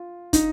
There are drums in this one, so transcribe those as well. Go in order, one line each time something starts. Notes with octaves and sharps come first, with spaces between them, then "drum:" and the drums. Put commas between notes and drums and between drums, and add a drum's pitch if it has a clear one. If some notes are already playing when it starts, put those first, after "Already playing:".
Already playing: F4
D#4, drum: kick, hi-hat